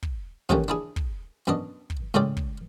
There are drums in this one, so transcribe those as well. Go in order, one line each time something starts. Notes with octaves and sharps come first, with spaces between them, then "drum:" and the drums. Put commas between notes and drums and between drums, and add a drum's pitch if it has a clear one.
drum: kick
C3 D#3 E3 A3 A#3 C#4, drum: kick
D4 E4 G#4
drum: kick
F#2 B2 D4 D#5
drum: kick
A2 C#3 G#3 C#4 D5 G5
drum: kick